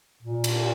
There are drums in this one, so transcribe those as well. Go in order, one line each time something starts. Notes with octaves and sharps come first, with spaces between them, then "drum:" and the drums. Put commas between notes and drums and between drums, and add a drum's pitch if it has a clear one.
A#2
drum: cymbal